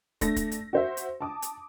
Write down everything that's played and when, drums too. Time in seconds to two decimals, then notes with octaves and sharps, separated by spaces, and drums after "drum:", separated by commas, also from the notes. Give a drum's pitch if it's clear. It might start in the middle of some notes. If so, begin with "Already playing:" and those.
0.21 A3 D4 A#6, drum: kick, hi-hat
0.36 drum: kick, hi-hat
0.52 drum: hi-hat
0.73 F#4 C5 E5
0.97 drum: hi-hat
1.21 A5 D6 D#6
1.42 drum: hi-hat